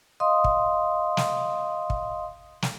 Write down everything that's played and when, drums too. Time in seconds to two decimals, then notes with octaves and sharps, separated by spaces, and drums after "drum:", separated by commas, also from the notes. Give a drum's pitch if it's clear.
0.20 D#5 F5 C6 D#6
0.44 drum: kick
1.17 drum: snare
1.90 drum: kick
2.62 drum: snare